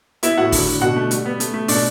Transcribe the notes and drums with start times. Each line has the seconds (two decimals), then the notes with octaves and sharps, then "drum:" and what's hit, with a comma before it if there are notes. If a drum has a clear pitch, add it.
0.23 B3 E4 E5, drum: hi-hat
0.38 A2 F#4 F#5
0.52 D3, drum: kick G1, open hi-hat
0.67 D3
0.81 B2 F#4 F#5
0.96 A3
1.11 G3, drum: hi-hat
1.25 B3
1.40 A3, drum: hi-hat
1.54 A3
1.68 B2 D4 D5, drum: open hi-hat